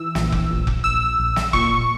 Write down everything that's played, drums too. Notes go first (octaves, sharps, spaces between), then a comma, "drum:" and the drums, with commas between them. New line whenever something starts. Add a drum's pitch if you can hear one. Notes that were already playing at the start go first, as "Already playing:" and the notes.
Already playing: E3 E6
A#1, drum: snare
drum: kick F1
A#1
drum: kick F1
A#1 E6
A#1
drum: snare
A#2 C#6, drum: kick F1